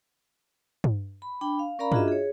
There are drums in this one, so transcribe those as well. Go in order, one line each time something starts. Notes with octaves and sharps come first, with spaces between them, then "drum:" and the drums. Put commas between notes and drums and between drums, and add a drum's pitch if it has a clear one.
drum: tom
B5
D4 G5 B5
F5
C#4 A#4 D5 F5 A#5 B5
D4 F4 F#4 G#4 D#5 E5, drum: tom
G#4 C#5